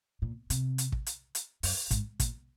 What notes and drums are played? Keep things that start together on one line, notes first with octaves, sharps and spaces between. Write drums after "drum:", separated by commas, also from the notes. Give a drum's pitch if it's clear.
A#2
C3, drum: hi-hat
drum: hi-hat
drum: kick
drum: hi-hat
drum: hi-hat
F#2, drum: open hi-hat
G#2, drum: kick, hi-hat
A#2, drum: kick, hi-hat